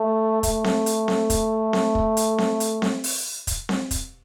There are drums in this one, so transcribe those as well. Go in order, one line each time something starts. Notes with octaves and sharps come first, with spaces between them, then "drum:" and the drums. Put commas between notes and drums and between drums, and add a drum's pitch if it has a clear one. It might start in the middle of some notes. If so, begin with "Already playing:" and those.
Already playing: A3
A3, drum: kick, hi-hat
drum: snare C4
drum: hi-hat
drum: snare C4
drum: kick, hi-hat
drum: snare C4
drum: kick
drum: hi-hat
drum: snare C4
drum: hi-hat
drum: snare C4
drum: open hi-hat
drum: kick, hi-hat
drum: snare C4
drum: kick, hi-hat